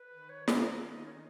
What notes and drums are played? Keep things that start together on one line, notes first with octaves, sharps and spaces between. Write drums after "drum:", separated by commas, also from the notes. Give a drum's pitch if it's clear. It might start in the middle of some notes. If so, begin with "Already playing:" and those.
Already playing: B4
D#3
C#5
F#4, drum: snare
F4
D#4
C#4
D#4